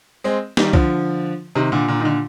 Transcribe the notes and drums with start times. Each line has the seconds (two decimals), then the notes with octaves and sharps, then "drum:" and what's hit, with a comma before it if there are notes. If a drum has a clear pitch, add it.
0.24 G#3 C4
0.57 D#3 G3, drum: snare
0.73 D3 F3, drum: kick C2
1.55 C3 D#3
1.72 A#2 D3
1.88 A#2 D3
2.00 D#3
2.05 A#2 D3